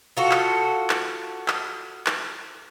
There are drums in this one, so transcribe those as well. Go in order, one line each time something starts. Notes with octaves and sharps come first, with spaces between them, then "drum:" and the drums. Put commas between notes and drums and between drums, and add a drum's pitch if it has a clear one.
F4 F#4 A4
drum: clap
drum: clap
drum: clap
drum: clap